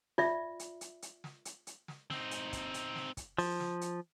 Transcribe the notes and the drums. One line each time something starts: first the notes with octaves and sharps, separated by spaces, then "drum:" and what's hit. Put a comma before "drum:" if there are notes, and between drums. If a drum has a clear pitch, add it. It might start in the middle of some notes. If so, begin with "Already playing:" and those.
F4 D5 E5, drum: snare
drum: hi-hat
drum: hi-hat
drum: hi-hat
drum: snare
drum: hi-hat
drum: hi-hat
drum: snare
C4 D#4, drum: snare
drum: hi-hat
drum: kick, hi-hat
drum: hi-hat
drum: snare
drum: kick, hi-hat
F3, drum: open hi-hat
drum: snare
drum: hi-hat